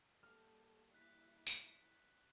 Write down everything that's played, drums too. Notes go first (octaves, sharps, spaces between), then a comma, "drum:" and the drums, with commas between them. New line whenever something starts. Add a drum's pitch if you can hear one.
G3 A#3 G4 A4 F6
E4 F#6 B6
drum: tambourine